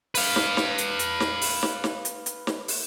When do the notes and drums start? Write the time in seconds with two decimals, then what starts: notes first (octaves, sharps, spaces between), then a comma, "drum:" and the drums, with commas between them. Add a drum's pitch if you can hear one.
0.15 B4 F5, drum: open hi-hat
0.36 drum: snare
0.57 drum: snare
0.78 drum: hi-hat
0.99 drum: hi-hat
1.20 drum: snare
1.41 drum: open hi-hat
1.63 drum: snare
1.84 drum: snare
2.05 drum: hi-hat
2.26 drum: hi-hat
2.47 drum: snare
2.68 drum: open hi-hat